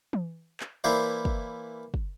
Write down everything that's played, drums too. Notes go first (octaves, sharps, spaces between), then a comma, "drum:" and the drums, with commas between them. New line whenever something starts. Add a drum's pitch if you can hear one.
drum: tom E3
drum: clap
E3 A#3 E4 C5 D5
drum: kick
drum: kick